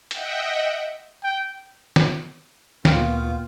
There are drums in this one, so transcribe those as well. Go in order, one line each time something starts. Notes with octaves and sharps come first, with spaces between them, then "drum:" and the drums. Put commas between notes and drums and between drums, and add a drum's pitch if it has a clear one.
D#5 E5 F#5 G5, drum: hi-hat
G5
drum: snare
D2 A#2 B3 F4 G5 F6, drum: snare